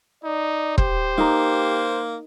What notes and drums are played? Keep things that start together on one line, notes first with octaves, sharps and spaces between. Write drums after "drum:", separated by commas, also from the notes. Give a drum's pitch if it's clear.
D#4 D5
G4 C5, drum: kick E1
A#3 D#4 A#4